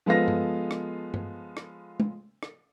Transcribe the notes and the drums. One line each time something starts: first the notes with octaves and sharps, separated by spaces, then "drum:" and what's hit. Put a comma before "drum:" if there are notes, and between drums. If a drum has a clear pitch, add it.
F3 G#3 B3 A4 F5 A#6
drum: tom G2
drum: rim click
drum: tom G2
drum: rim click
drum: tom
drum: rim click